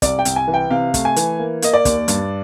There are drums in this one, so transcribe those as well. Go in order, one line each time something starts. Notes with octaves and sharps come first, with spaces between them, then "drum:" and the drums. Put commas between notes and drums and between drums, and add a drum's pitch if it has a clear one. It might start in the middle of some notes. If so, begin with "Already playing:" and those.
C2 D5, drum: kick, hi-hat
G5
C2, drum: hi-hat
G#5
E3
G5
C3 F5
A3, drum: kick, hi-hat
G#5
E3, drum: hi-hat
A#3
A#3 D#5, drum: hi-hat
D5
D#2, drum: kick, hi-hat
G2, drum: hi-hat